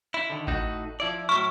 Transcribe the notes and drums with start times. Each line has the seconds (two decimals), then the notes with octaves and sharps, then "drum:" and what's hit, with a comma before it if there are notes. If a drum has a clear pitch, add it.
0.14 E4
0.30 D3 D#3
0.47 A2 D#4 F#4, drum: kick G#1
1.00 F3 E4 D5
1.29 A2 F#3 E4 C#6